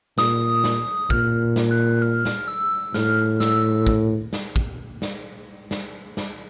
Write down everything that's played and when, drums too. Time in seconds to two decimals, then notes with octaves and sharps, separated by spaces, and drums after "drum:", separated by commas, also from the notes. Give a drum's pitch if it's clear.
0.18 A#2 D#6, drum: snare
0.64 drum: snare
1.10 A#2 F6, drum: kick
1.56 drum: snare
1.71 F#6
2.02 F6
2.25 drum: snare
2.48 E6
2.94 A2 F6, drum: snare
3.40 E6, drum: snare
3.87 drum: kick
4.33 drum: snare
4.56 drum: kick
5.02 drum: snare
5.71 drum: snare
6.17 drum: snare